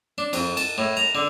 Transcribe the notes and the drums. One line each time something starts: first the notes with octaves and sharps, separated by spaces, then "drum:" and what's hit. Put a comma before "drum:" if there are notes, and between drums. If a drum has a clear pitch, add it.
D4
F2, drum: cymbal
A5, drum: cymbal
A2
A#5
D3